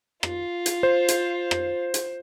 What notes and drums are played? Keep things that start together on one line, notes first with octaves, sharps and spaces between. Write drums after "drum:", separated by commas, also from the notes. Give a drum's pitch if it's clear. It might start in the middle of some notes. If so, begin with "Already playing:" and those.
F4, drum: rim click
drum: hi-hat
C5
drum: hi-hat
drum: rim click
drum: hi-hat